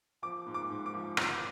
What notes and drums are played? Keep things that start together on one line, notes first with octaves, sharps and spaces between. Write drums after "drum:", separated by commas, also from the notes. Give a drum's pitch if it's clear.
F3 D6
G#2
D6
G#2
D6
F3
G#1, drum: rim click